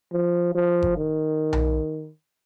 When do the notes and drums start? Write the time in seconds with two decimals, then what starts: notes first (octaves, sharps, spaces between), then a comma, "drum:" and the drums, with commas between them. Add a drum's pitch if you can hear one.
0.13 F3
0.55 F3
0.83 drum: kick G1
0.97 D#3
1.53 drum: tom B1